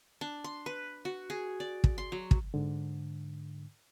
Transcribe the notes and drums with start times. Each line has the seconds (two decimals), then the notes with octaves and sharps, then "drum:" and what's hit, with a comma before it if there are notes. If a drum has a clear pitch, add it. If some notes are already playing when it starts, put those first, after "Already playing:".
0.21 D4
0.44 C6
0.66 B4
1.05 F#4
1.30 G#4
1.60 D5
1.84 drum: kick
1.98 C6
2.12 F#3
2.31 drum: kick
2.54 G#2 D3